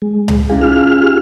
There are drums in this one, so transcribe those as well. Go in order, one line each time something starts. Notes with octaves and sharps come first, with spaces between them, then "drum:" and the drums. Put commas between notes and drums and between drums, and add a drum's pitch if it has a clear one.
G#3
drum: tom C#2
C#4 E4 G#4 F5
C#4 D#4 F4 G#4 F6
G4